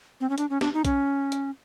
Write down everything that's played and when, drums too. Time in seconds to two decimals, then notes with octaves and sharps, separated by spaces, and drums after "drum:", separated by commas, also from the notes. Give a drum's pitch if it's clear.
0.21 C4
0.30 C#4
0.38 D4, drum: hi-hat
0.50 C#4
0.61 D4, drum: snare
0.74 D#4
0.85 C#4, drum: kick, hi-hat
1.32 drum: hi-hat